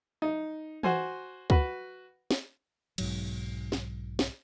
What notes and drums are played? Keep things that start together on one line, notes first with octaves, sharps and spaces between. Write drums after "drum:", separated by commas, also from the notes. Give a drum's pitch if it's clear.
D#4
F#4 C5 G#5, drum: tom E3
F#4 B4, drum: kick C#2
drum: snare
B1 G#2 F#3, drum: cymbal
drum: snare
drum: snare